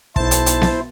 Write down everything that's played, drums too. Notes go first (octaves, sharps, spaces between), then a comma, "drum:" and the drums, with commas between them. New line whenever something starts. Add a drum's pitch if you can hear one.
B1 E4 C5 A5, drum: kick
drum: hi-hat
drum: hi-hat
drum: snare B3